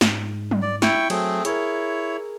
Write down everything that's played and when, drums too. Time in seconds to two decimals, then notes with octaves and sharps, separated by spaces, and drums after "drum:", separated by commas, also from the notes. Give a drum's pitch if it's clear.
0.01 G#2, drum: snare
0.51 drum: tom F#3
0.62 D5
0.82 E4 G5 C#6, drum: snare
1.10 F#3 A3 C4 G#4, drum: cymbal
1.45 E4 G#4 A#4 C#5, drum: hi-hat